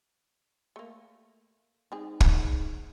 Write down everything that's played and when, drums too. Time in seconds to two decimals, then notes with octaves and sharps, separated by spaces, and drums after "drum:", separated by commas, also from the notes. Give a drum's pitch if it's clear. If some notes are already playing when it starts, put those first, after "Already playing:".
0.76 A3 A#3
1.92 G#2 C4 G#4
2.21 drum: kick